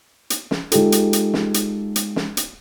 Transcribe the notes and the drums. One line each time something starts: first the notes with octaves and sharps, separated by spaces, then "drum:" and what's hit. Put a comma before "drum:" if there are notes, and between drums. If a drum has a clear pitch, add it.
drum: hi-hat
drum: snare
G#3 D#4 F4 G4 A4, drum: hi-hat
drum: hi-hat
drum: hi-hat
drum: snare
drum: hi-hat
drum: hi-hat
drum: snare
drum: hi-hat